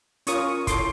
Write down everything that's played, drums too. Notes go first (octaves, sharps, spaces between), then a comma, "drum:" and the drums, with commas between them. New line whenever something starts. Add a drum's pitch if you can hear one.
C#4 F4 A#4 C#5 C#6 D#6, drum: hi-hat
E4 A4 C#5 C6 D6, drum: kick, hi-hat